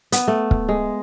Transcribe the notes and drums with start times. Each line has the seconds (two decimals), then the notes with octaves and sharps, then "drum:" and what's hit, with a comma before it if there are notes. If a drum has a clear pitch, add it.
0.12 B3, drum: hi-hat
0.28 A3
0.51 drum: kick
0.69 G#3